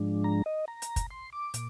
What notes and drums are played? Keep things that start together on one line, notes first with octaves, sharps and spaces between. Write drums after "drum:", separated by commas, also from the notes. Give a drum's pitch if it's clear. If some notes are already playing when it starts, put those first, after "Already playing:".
Already playing: G#2 F3 G#3 D4
A#5
D#5
A#5
drum: hi-hat
drum: kick, hi-hat
C6
D6
A#2, drum: hi-hat